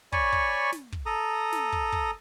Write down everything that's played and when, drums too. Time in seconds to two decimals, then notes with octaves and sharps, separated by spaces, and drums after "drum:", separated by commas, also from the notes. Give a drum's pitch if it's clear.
0.13 C#5 D5 G#5 B5 C#6, drum: kick
0.33 drum: kick
0.73 drum: snare
0.93 drum: kick
1.06 A4 A#5 D#6
1.53 drum: snare
1.73 drum: kick
1.93 drum: kick